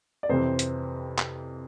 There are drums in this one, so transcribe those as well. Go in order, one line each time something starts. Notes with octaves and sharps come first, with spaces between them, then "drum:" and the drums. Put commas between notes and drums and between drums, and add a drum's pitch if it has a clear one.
D5
F2 C3 E3 C5
drum: hi-hat
drum: clap